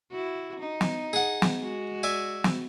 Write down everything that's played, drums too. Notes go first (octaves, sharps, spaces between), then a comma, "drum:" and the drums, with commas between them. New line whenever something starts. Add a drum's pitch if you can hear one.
E4 F#4
D#4
drum: snare
G#4 F#5
drum: snare
G#3 F#4
D5 E5 G#5
drum: snare